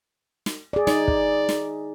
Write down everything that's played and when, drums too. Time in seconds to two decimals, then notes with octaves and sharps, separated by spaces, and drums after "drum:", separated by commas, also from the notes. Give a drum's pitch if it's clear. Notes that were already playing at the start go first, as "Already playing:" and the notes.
0.46 drum: snare
0.73 G#4 D5
0.87 D#4 D5, drum: snare
1.08 drum: kick
1.49 drum: snare